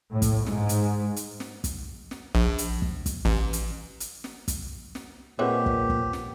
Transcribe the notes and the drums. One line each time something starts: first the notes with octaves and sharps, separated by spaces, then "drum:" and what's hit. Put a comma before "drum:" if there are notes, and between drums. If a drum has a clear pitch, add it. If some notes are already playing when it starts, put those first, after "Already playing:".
A2
drum: kick, hi-hat
G#2, drum: snare
drum: hi-hat
drum: hi-hat
drum: snare
drum: kick, hi-hat
drum: snare
A#1
drum: hi-hat
drum: kick
drum: kick, hi-hat
A1
drum: hi-hat
drum: hi-hat
drum: snare
drum: kick, hi-hat
drum: snare
A#2 G#3 C4 G4 B4 C#5 E5 F#5
drum: kick
drum: kick
drum: snare